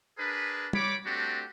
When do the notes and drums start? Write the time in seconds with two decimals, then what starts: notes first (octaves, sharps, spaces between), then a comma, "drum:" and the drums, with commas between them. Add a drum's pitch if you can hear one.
0.17 D4 G#4 A#4 B4
0.73 G3 C#5 B5 D6, drum: tom
1.05 A3 C4 D4 F#4 G4